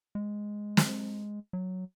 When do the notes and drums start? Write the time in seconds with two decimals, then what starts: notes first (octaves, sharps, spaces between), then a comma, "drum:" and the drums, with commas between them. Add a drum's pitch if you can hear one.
0.15 G#3
0.77 drum: snare
1.53 F#3